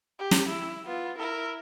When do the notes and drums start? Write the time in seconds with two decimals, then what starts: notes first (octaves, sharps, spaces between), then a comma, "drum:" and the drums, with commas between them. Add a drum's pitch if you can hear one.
0.19 G4
0.31 drum: snare
0.49 E4
0.85 B3 F4
1.18 E4 A#4